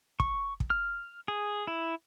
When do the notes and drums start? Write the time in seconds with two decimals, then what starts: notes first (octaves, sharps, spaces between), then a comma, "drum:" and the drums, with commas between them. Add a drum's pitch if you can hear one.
0.20 C#6, drum: kick
0.60 drum: kick
0.70 F6
1.28 G#4
1.67 E4